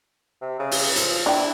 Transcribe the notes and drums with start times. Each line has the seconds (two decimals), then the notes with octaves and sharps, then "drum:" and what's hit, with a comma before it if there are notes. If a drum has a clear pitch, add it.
0.42 C3
0.60 C#3
0.71 drum: open hi-hat
0.96 F3, drum: hi-hat
1.26 D4 E4 G5